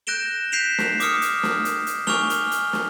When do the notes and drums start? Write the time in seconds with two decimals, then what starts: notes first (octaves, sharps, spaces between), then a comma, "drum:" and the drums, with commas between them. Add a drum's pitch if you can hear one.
0.07 F#6 G6 A#6 D7 E7 G7
0.52 G6 B6 C7 D7 E7 F7
0.78 drum: snare
1.00 D6 D#6 F6 C#7, drum: hi-hat
1.22 drum: hi-hat
1.43 drum: snare
1.65 drum: hi-hat
1.87 drum: hi-hat
2.07 G#5 C#6 D6 F6 F7 G7, drum: snare
2.30 drum: hi-hat
2.51 drum: hi-hat
2.73 drum: snare